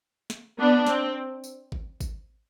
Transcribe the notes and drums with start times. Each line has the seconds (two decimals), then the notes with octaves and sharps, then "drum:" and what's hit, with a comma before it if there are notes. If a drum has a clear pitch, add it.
0.30 drum: snare
0.58 B3 D4
0.87 C4, drum: snare
1.44 drum: tambourine
1.72 drum: kick G#1
2.01 drum: kick G#1, tambourine